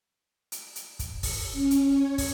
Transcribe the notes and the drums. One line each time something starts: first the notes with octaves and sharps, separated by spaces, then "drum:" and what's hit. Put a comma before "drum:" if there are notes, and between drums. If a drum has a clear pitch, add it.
drum: hi-hat
drum: hi-hat
drum: kick, hi-hat
drum: kick, open hi-hat
C#4
drum: hi-hat
C#5
drum: kick, open hi-hat